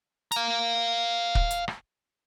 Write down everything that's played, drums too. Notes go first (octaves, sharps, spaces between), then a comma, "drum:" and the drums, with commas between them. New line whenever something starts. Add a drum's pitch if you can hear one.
F5 A#5, drum: hi-hat
drum: kick
drum: hi-hat
drum: rim click